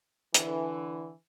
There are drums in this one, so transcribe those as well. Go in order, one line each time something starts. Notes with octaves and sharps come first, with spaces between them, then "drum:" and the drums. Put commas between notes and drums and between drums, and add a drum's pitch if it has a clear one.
D3 E3, drum: hi-hat